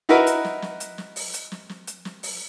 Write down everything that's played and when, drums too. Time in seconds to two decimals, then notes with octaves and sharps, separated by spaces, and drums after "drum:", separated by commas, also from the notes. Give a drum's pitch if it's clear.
0.09 D#4 E4 F#4 A#4 B4
0.27 drum: hi-hat
0.44 drum: snare
0.62 drum: snare
0.80 drum: hi-hat
0.98 drum: snare
1.16 drum: open hi-hat
1.34 drum: hi-hat
1.52 drum: snare
1.69 drum: snare
1.87 drum: hi-hat
2.05 drum: snare
2.23 drum: open hi-hat